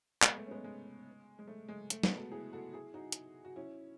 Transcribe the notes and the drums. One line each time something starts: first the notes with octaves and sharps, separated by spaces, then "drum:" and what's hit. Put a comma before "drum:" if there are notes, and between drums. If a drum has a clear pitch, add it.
G#3 B3, drum: clap
A3
C#4
G#3 B3
G#3
G#3
A3
G#3
A3, drum: hi-hat
G#3 B3, drum: snare
F#4 A4
E4 G#4
F#4 A4
E4 G#4
D#4 F#4
drum: hi-hat
F#4
C#4 E4